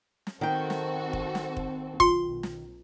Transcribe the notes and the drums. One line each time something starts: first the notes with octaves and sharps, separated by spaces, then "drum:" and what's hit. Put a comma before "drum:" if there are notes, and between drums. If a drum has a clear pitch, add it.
drum: snare
D#3 C4 F#4 A4 G5
drum: snare
drum: kick
drum: snare
drum: kick
B1 F4 C6, drum: kick
drum: snare